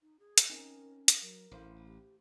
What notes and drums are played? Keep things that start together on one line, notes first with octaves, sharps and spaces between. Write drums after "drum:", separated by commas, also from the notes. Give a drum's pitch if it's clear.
D#4
G#4
drum: hi-hat
C4 C#4 D#4 A#4 G#5
drum: hi-hat
F#3 A#4
A1 A3 E4 C5 F5
G4